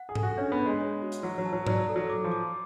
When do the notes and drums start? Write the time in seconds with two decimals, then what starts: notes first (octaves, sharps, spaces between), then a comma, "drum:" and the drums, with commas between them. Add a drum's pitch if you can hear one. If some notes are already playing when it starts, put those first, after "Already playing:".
Already playing: F#5
0.09 G#4
0.15 A4, drum: tom G#2
0.23 F#4
0.37 C#4 D4
0.52 B3
0.59 D4
0.66 G#3
0.81 C#5
1.02 F#4
1.12 drum: hi-hat
1.23 F#3 F#5
1.38 F#3
1.45 A5
1.53 F#3
1.67 F#3 D5, drum: tom G#2
1.89 A4
1.96 F#3
2.10 D6
2.24 F3
2.32 D6